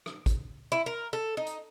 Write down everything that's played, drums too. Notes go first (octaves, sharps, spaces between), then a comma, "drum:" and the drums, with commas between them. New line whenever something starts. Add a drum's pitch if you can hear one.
drum: rim click
drum: kick, hi-hat
E4
A#4
A4
D#4
drum: hi-hat